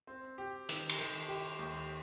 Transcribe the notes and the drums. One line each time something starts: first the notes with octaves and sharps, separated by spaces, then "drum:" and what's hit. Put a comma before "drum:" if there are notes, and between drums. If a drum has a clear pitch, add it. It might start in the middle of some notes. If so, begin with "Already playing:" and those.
C4
G4
D#3, drum: hi-hat
drum: cymbal
D#3
G4
D#2